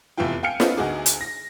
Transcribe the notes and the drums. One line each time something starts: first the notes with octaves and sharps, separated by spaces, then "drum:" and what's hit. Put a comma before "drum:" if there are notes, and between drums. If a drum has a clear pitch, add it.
F1 E2 E3 E4 F4 G5
F5 G5 G#5 F6 C#7
B3 C#4 D#4 F4 A4 B4, drum: snare
D2 D#4 F#4 G#4 D6
drum: hi-hat
A#6